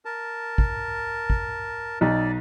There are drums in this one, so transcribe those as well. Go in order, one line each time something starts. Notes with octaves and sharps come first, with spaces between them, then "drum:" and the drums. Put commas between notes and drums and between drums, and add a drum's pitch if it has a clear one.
A#4 A5
drum: kick
drum: kick
B1 D#4 D5